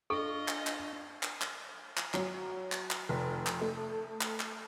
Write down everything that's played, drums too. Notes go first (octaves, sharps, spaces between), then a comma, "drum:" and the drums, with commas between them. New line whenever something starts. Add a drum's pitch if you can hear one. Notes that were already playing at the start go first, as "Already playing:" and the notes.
D4 F4 A4 D#5 C#6
drum: clap
drum: clap
drum: clap
drum: clap
drum: clap
F#3, drum: clap
drum: clap
drum: clap
F1
drum: clap
A3
drum: clap
drum: clap